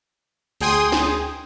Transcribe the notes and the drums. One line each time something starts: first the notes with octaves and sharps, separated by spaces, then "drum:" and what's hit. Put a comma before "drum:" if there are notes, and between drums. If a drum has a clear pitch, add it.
D2 G#4 G5 G#5 C6 D#6, drum: open hi-hat
drum: snare